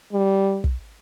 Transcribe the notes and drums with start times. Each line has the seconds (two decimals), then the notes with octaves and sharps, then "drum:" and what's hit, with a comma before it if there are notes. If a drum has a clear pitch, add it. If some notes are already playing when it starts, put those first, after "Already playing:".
0.13 G3
0.64 drum: kick